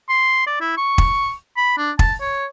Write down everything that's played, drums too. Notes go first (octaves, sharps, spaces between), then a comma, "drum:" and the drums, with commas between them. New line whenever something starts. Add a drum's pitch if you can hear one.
C6
D5
E4
C#6
drum: kick
B5
D4
A5, drum: kick
C#5